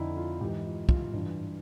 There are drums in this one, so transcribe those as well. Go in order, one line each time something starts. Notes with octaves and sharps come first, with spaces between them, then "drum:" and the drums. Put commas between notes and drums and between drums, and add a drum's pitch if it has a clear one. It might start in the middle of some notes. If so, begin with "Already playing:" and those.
Already playing: F2 D3 D#4 E4
F4
G#2 E3 G4
F4
F4, drum: kick
G2 E3